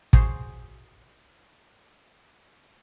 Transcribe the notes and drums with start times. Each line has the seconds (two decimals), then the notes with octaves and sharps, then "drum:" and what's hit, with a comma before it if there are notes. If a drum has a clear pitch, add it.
0.13 F#4 G#4 C5 C#5, drum: kick